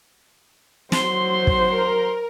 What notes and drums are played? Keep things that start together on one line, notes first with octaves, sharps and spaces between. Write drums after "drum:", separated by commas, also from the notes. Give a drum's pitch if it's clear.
F#3 C5 C6, drum: snare
drum: kick
A#4